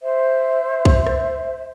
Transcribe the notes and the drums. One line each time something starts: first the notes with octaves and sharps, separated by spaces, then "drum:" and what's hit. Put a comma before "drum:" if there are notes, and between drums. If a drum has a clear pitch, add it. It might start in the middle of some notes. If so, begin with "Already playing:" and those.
C5 E5
drum: kick
drum: rim click